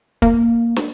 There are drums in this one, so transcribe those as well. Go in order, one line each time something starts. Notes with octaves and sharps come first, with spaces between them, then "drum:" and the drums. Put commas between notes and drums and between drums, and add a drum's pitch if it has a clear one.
A#3, drum: kick
drum: snare